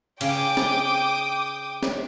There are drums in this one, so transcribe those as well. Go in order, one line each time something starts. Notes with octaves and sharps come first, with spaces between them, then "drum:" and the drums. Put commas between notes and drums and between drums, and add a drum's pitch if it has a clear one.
C#3 G5 D6 D#6, drum: cymbal
drum: snare
drum: snare